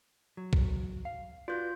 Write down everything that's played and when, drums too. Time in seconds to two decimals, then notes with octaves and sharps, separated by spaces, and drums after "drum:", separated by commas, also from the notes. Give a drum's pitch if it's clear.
0.37 F#3
0.53 drum: kick
1.05 F5
1.48 F4 F#4 B4 D5 G6